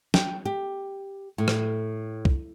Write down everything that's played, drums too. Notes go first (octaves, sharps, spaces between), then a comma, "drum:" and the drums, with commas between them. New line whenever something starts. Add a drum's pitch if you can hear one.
G5, drum: snare
G4
A2
drum: rim click
drum: kick